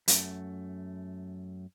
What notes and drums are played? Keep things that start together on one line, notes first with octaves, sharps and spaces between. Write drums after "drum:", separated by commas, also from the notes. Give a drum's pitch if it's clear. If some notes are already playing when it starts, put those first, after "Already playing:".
F#2 A3, drum: hi-hat